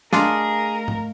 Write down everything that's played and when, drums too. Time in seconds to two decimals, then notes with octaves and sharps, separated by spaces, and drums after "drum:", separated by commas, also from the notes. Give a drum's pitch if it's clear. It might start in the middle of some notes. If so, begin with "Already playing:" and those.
0.13 A3 D4 F4 G#4 A#4 D#5 F5, drum: snare
0.88 drum: tom G#2